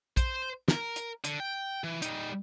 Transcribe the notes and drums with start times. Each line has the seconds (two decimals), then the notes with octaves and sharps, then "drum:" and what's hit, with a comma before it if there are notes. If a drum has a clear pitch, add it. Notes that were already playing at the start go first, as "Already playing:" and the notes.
0.17 C5, drum: kick, hi-hat
0.68 A#4, drum: snare
0.96 drum: hi-hat
1.24 D3, drum: hi-hat
1.40 G5
1.84 E3
2.02 G3 D#4, drum: hi-hat